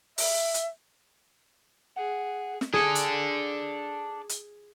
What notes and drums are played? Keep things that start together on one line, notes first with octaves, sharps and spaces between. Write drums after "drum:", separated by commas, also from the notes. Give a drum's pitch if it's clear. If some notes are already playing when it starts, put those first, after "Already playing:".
E5, drum: open hi-hat
drum: hi-hat
G#4 F#5
drum: snare
D4 G#4 A4
drum: hi-hat
drum: hi-hat